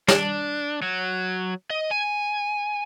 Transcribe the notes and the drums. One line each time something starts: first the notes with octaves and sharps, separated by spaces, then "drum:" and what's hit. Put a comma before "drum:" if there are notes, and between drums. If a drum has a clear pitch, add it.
D4, drum: snare
F#3
D#5
G#5